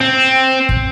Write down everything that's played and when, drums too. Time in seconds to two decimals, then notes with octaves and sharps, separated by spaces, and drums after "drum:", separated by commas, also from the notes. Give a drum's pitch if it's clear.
0.01 C4
0.69 drum: kick